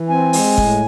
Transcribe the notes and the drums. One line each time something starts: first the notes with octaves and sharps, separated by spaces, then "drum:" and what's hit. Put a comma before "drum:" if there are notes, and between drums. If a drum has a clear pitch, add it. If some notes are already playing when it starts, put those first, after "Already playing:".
Already playing: E3
C4 G#5
G#3, drum: open hi-hat
A2, drum: kick